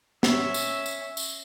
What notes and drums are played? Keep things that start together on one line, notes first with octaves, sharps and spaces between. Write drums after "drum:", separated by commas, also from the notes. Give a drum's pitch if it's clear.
C#4 E5, drum: snare
drum: tambourine
drum: tambourine
drum: tambourine